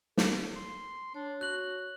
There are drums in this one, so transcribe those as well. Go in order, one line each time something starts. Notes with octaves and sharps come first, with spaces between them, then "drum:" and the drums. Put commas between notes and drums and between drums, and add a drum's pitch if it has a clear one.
A4, drum: snare
C6
D4 C#5
F#4 F#6 F#7